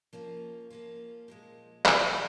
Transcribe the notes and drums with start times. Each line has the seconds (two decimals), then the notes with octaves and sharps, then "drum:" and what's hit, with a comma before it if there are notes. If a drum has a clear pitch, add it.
0.13 F3 A#3 C#4 F4
0.70 F3 A#3 C#4 F4
1.28 A#2 F3 G#3
1.86 A#2 F3 G#3, drum: clap